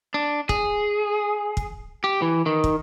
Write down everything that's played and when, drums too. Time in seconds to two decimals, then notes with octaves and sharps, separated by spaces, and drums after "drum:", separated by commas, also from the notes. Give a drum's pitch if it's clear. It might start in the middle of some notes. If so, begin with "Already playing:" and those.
0.14 D4
0.49 G#4, drum: kick
1.57 drum: kick
2.04 G4
2.22 E3
2.46 D#3
2.64 drum: kick